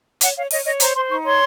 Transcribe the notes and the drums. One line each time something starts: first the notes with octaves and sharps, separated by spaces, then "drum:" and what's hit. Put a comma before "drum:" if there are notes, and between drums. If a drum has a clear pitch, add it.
C#5 F#5, drum: hi-hat
C#5 F5
C#5 D#5, drum: open hi-hat
C#5 D#5
C5 A#5, drum: hi-hat
C5 C6
D#4 C#6
C#5 C6